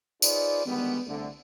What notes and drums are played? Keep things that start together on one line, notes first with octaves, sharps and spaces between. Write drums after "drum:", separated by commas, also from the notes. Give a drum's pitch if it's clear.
D#4 F4 G#4 B4 C5 D5, drum: tambourine
D3 D#3 G3 G#3 B3
C2 D3 A3